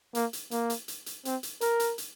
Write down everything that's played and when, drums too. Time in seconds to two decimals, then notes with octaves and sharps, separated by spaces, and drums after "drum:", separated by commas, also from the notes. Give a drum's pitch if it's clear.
0.15 A#3, drum: hi-hat
0.33 drum: hi-hat
0.51 A#3, drum: hi-hat
0.70 drum: hi-hat
0.88 drum: hi-hat
1.06 drum: hi-hat
1.25 C4, drum: hi-hat
1.43 drum: hi-hat
1.61 A#4, drum: hi-hat
1.80 drum: hi-hat
1.98 drum: hi-hat